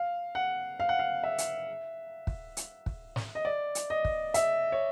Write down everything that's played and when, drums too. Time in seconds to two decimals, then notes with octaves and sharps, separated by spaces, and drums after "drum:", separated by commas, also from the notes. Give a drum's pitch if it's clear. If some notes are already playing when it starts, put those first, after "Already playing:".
Already playing: F5
0.35 F#5
0.80 F5
0.89 F#5
0.99 F5
1.24 E5
1.38 drum: hi-hat
2.27 drum: kick
2.57 drum: hi-hat
2.86 drum: kick
3.16 drum: snare
3.35 D#5
3.45 D5
3.75 drum: hi-hat
3.90 D#5
4.05 drum: kick
4.34 E5, drum: hi-hat
4.72 C#5